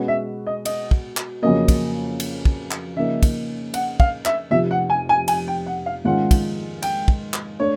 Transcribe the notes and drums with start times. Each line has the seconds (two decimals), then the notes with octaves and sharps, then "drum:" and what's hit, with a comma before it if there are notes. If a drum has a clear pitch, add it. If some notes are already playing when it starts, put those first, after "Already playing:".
Already playing: B2 G#3 C#4 F#4 B4
0.08 E5
0.47 D#5
0.65 D#5, drum: cymbal
0.91 drum: kick
1.17 drum: clap
1.42 F2 C#3 F#3 A#3 D#5
1.68 drum: kick, cymbal
2.20 drum: cymbal
2.45 drum: kick
2.71 drum: clap
2.96 C#3 F3 A#3 D#4 E5
3.23 drum: kick, cymbal
3.74 F#5, drum: cymbal
4.00 F5, drum: kick
4.26 E5, drum: clap
4.51 F1 F2 C3 F3 E5
4.71 F#5
4.90 G#5
5.09 G#5
5.28 G#5, drum: cymbal
5.48 G5
5.66 F#5
5.86 F5
6.05 G#2 D#3 G#3 C#4 F4 F#5
6.31 drum: kick, cymbal
6.83 G5, drum: cymbal
7.08 drum: kick
7.34 drum: clap
7.60 A3 D4 C#5